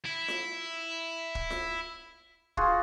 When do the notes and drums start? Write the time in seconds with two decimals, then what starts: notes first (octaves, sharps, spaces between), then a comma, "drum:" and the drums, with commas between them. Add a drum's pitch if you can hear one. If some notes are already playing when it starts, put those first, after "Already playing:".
0.05 E4
0.28 drum: snare F4
1.35 drum: kick
1.50 drum: snare F4
2.57 F4 F#4 G#4, drum: kick